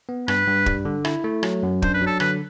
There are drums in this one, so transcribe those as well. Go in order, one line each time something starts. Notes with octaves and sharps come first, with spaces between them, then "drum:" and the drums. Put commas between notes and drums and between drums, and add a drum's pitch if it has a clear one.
B3
G2 B4, drum: rim click
G2
G3, drum: kick
D3
E4, drum: rim click
A3
F#3, drum: rim click
F#2
D4 C5, drum: kick
B4
F#3 A4
D3 B4, drum: rim click